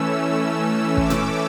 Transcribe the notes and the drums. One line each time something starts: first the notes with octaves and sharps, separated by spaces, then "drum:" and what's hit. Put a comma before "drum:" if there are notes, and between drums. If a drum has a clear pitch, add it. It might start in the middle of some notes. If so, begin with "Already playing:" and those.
Already playing: E3 A3 C#4 E6
D6, drum: kick
drum: tom A#2